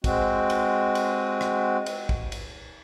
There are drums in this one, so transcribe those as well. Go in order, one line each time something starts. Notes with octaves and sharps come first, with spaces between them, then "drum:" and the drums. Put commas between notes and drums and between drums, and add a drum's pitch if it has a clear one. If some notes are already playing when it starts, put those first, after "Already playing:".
G#3 C4 F#4, drum: kick, cymbal
drum: cymbal
drum: cymbal
drum: rim click
drum: cymbal
drum: kick
drum: cymbal